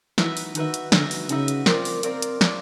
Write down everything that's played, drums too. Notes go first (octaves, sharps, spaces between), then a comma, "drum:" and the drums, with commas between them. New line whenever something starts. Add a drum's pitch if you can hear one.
E3 D#4 F#4 B4 E5, drum: snare
drum: open hi-hat
D#3 D#4 F#4 B4 E5, drum: hi-hat
drum: hi-hat
D3 D#4 F#4 B4 E5, drum: snare
drum: open hi-hat
C#3 D#4 F#4 B4 E5, drum: hi-hat
drum: hi-hat
C4 F4 A#4 D5, drum: snare
drum: open hi-hat
C4 F4 A#4 D5, drum: hi-hat
drum: hi-hat
C4 F4 A#4 D5, drum: snare